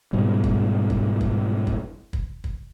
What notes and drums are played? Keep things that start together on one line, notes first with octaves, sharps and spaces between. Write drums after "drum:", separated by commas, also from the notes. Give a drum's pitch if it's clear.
G#2 B2 G3
drum: kick
drum: kick
drum: kick
drum: kick
drum: kick
drum: kick